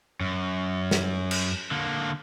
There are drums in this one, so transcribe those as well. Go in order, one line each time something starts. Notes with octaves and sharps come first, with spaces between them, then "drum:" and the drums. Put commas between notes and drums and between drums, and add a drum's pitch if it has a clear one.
F#2
drum: snare
drum: cymbal
D3 A#3